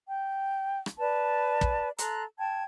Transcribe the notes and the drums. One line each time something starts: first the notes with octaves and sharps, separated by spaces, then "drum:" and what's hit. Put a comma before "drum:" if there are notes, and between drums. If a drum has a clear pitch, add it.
G5
drum: rim click
B4 D5 A5
drum: kick
A4 A#5 C6 F#6, drum: hi-hat
G5 A5 G#6